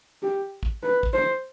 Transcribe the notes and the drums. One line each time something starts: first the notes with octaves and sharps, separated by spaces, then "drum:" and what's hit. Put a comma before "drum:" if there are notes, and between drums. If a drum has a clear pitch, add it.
G4
drum: kick
B4
drum: kick
C5